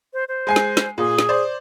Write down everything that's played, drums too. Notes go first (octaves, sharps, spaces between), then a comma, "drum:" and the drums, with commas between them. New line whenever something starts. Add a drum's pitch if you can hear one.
C5
C5
G#3 G#5 C7
drum: snare
drum: snare
A#2 G#4
drum: snare
C5 D5